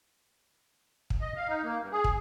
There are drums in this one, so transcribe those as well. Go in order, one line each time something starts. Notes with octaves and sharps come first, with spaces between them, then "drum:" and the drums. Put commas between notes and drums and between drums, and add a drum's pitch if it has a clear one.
drum: kick
D#5
F5
D#4
A#3
G2
G#4
drum: kick